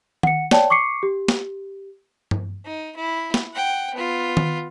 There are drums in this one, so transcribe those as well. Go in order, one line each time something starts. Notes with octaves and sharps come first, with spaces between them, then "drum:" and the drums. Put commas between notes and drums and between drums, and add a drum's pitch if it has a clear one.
F#5 C#7, drum: tom D#3
C#5 D5 G5 A5, drum: snare
C#6 D6 C7 C#7
G4
drum: snare
drum: tom G2
D#4
E4
drum: snare
F#5 G5
B3 F4
drum: tom D#3